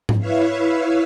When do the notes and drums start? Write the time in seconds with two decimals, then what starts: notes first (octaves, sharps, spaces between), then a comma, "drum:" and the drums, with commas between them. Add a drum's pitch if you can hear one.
0.09 drum: tom G#2
0.18 E4 B4 C#5 E5 F5